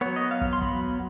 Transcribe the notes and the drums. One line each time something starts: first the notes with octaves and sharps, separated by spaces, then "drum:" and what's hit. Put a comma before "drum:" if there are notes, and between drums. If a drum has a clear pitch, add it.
F#3 B3 C#5
D#5
F5
drum: kick
C6
B5, drum: kick